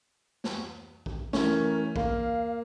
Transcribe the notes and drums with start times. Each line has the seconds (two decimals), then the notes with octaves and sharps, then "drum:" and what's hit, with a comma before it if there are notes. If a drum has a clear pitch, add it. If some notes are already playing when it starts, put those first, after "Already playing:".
0.44 drum: snare
1.06 drum: kick A#1
1.33 E3 A3 C#4 A#4, drum: snare
1.96 A#3 F5, drum: kick A#1